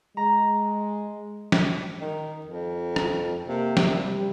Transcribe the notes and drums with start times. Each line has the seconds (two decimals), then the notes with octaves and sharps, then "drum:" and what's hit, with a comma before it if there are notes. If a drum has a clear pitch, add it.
0.17 G#3 A#5
1.52 drum: snare
2.01 D#3
2.45 F2
2.96 drum: rim click
3.48 C3 A#3
3.77 drum: snare
3.91 G3